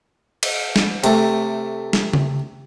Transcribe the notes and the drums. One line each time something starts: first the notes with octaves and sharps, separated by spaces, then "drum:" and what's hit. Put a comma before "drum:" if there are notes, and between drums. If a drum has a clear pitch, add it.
drum: cymbal
drum: snare
C3 A3, drum: hi-hat
drum: snare
drum: tom C#3